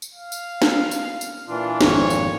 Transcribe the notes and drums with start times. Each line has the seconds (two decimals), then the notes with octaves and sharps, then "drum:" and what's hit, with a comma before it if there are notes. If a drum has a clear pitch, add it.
0.02 drum: tambourine
0.14 F5
0.32 drum: tambourine
0.62 drum: snare
0.91 drum: tambourine
1.21 drum: tambourine
1.48 A#2 E3 D4 F4
1.81 G#1 F2 C#5, drum: snare
2.10 drum: tambourine